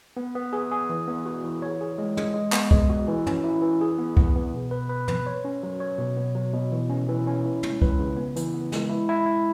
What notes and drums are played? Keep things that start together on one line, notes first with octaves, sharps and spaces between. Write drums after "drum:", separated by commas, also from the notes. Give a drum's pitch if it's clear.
B3
B3
G#4
G#4
E3
B3
F#4
E3
C#5
G#4
G#3
G#3, drum: tom
G#3
B3, drum: clap
G#3, drum: kick C2
F#4
E3
C#4, drum: tom
E4
E3
G#4
B3
B3, drum: kick C2
B3
B2
B4
B4
B4, drum: tom
C#5
C#4
F#3
C#5
B2
B3
F#3
B2
E3
C#4
E3
C#4
E4
G#3, drum: tom
B4, drum: kick C2
C#3
B3
E3, drum: hi-hat
B3
G#3, drum: snare
E4
E4
E4